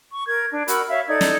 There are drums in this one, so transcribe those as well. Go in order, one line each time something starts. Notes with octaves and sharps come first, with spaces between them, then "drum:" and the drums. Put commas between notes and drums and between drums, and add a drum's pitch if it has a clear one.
C#6
A#4 G#6
D4
F#4 A#4 B5 E6, drum: hi-hat
C#5 E5 F5
D#4 A4 D5 G#6
drum: snare